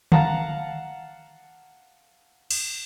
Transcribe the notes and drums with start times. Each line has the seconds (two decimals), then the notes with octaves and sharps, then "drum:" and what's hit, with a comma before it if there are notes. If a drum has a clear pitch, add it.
0.12 F5 F#5 A5 A#5, drum: tom D3
2.51 drum: cymbal